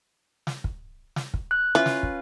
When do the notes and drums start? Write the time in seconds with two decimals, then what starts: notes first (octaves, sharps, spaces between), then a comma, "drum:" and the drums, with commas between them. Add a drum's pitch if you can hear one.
0.47 drum: snare
0.64 drum: kick
1.16 drum: snare
1.34 drum: kick
1.51 F#6
1.75 E3 C#4 F4 B4
1.86 drum: snare
2.03 drum: kick